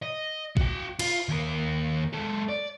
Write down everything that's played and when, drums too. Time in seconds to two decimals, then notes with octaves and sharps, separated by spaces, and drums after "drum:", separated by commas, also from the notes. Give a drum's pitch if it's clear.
0.02 D#5
0.57 F#4 G5, drum: kick
0.99 F4, drum: cymbal
1.29 D#2 A#4
2.13 G#3 A4
2.49 D5